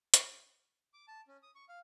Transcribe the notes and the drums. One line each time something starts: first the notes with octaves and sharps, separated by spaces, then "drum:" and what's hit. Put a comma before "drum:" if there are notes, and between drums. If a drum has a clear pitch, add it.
drum: hi-hat
D6
A5
C#4
D#6
C#6
F5